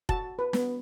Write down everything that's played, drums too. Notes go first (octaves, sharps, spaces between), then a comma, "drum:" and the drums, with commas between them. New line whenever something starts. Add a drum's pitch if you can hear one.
F#4 A5, drum: kick F1
B4
B3, drum: snare